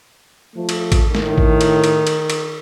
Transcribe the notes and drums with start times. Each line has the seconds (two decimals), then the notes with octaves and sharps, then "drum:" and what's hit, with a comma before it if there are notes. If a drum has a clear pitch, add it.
0.54 F3 A3
0.69 drum: cymbal
0.92 drum: kick G#1, cymbal
1.15 A2 D#3, drum: snare
1.38 drum: kick G#1
1.61 drum: cymbal
1.84 drum: cymbal
2.07 drum: cymbal
2.30 drum: cymbal